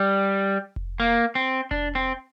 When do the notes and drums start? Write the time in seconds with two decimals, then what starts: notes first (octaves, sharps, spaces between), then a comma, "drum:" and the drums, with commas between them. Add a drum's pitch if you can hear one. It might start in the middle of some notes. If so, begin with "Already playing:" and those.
Already playing: G3
0.76 drum: kick F1
1.00 A#3
1.35 C4
1.71 D4, drum: kick F1
1.95 C4